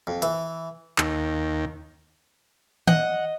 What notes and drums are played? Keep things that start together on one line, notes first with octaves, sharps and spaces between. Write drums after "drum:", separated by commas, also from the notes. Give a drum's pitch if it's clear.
F2
E3, drum: hi-hat
D#2, drum: clap
D#5 F#5, drum: tom D#3